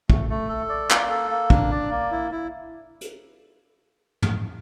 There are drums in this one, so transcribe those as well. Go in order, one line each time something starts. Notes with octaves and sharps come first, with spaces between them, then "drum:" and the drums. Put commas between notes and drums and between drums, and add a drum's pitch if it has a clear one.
A3, drum: kick
A3
A4
D5
A#3, drum: clap
A4
A#3
D4, drum: kick
D5
A#3
E4
E4
drum: hi-hat
drum: tom